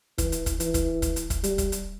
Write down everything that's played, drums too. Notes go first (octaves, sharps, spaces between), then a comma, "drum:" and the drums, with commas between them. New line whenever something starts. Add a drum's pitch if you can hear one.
E3, drum: kick, hi-hat
drum: hi-hat
drum: kick, hi-hat
E3, drum: hi-hat
drum: kick, hi-hat
drum: kick, hi-hat
drum: hi-hat
drum: kick, hi-hat
G3, drum: hi-hat
drum: kick, hi-hat
drum: hi-hat